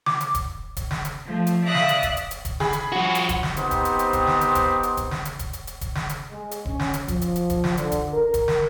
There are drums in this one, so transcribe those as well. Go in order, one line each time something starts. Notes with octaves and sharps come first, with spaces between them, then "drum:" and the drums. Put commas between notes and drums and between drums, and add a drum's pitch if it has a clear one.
D6, drum: snare
drum: hi-hat
drum: kick D#1, hi-hat
drum: kick D#1, hi-hat
drum: snare
drum: hi-hat
F3 A3
drum: hi-hat
D5 E5 F5 D#6 F#6 A#6
drum: snare
drum: hi-hat
drum: kick D#1, hi-hat
drum: hi-hat
drum: hi-hat
drum: kick D#1, hi-hat
G#4 B5, drum: snare
drum: hi-hat
F3 F#4
drum: hi-hat
drum: kick D#1, hi-hat
drum: snare
B3 C4 D#4 G4 C5 D#6, drum: hi-hat
drum: kick D#1, hi-hat
drum: hi-hat
drum: hi-hat
drum: kick D#1, hi-hat
drum: snare
drum: hi-hat
drum: kick D#1, hi-hat
drum: hi-hat
drum: kick D#1, hi-hat
drum: snare
drum: hi-hat
drum: kick D#1, hi-hat
drum: hi-hat
drum: hi-hat
drum: kick D#1, hi-hat
drum: snare
drum: hi-hat
G#3
drum: hi-hat
C#4, drum: kick D#1
drum: snare
drum: hi-hat
F3, drum: kick D#1, hi-hat
drum: hi-hat
drum: hi-hat
drum: kick D#1, hi-hat
drum: snare
D3, drum: hi-hat
drum: kick D#1, hi-hat
A#4
drum: kick D#1, hi-hat
drum: snare